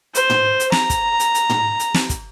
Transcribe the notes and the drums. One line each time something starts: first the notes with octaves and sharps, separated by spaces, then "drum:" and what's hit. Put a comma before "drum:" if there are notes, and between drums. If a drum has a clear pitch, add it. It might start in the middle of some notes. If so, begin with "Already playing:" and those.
C5, drum: hi-hat
drum: tom
drum: hi-hat
A#5, drum: snare
drum: kick, hi-hat
drum: hi-hat
drum: hi-hat
drum: tom
drum: hi-hat
drum: snare
drum: kick, hi-hat